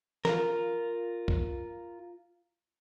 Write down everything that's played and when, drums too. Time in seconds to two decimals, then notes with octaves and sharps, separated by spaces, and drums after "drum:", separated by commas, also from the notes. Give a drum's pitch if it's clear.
0.25 F4 A#4, drum: snare
1.28 drum: kick B1